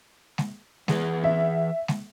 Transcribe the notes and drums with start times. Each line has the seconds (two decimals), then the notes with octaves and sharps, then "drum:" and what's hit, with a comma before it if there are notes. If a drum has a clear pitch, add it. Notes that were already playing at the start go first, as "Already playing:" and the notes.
0.38 drum: snare G#3
0.88 E3 G#4 B4, drum: snare G#3
1.24 E5
1.88 drum: snare G#3